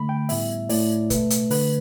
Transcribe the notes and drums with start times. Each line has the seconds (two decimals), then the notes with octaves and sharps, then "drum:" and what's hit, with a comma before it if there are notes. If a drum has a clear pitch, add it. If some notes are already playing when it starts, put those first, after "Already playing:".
Already playing: D3 A3 B5
0.09 G5
0.29 A2 G3 B3 E5, drum: open hi-hat
0.69 A2 A3 D5, drum: open hi-hat
1.10 B2 A3 B4, drum: kick, hi-hat
1.30 drum: hi-hat
1.50 D3 A3 B4, drum: open hi-hat